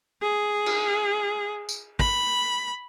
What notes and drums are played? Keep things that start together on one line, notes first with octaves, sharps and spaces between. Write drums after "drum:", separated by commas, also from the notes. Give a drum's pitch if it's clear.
G#4
drum: cymbal
drum: tambourine
B5, drum: kick